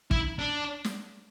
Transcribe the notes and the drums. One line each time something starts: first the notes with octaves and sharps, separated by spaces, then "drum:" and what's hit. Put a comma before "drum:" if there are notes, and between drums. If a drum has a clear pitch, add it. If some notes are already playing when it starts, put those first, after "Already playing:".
E4, drum: kick
D4
drum: snare